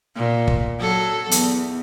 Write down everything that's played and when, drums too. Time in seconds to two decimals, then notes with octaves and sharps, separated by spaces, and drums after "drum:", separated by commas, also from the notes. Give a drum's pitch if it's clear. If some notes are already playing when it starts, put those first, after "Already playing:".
0.16 A#2
0.48 drum: kick
0.79 F#3 A4
1.31 E2, drum: hi-hat